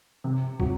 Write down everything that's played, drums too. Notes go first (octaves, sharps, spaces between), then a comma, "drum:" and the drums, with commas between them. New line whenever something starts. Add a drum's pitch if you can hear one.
C3
F#3, drum: kick